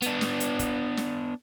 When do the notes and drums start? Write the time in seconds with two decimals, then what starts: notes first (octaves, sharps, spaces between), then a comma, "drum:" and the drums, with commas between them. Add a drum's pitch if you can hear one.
0.02 B3 D4, drum: hi-hat
0.21 drum: snare
0.40 drum: hi-hat
0.59 drum: kick, hi-hat
0.97 drum: snare